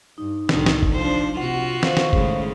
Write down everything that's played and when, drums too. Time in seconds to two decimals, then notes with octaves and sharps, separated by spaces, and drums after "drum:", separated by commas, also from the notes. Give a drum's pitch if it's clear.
0.18 G2 D#4
0.49 C2 A2 D3 D#3, drum: snare
0.66 drum: snare
0.83 drum: kick G1
0.95 F3 D4 C5
1.37 C3 F4 F#4 F#5
1.83 D#3 C5 F5 C#6, drum: snare
1.97 drum: snare
2.13 A2 C#3 G#3, drum: kick G1